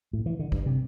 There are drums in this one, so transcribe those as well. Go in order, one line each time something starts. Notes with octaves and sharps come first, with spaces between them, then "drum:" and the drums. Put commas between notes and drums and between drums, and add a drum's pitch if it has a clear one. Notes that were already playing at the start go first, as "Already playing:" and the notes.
A2
E3
D3
G2, drum: kick
C3